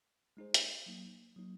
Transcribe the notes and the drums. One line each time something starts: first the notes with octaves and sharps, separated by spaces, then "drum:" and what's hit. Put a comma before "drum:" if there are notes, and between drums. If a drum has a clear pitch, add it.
G#3 D#4 G#4 C5
drum: hi-hat
F#3 A#3 D#4
F#3 A#3 D#4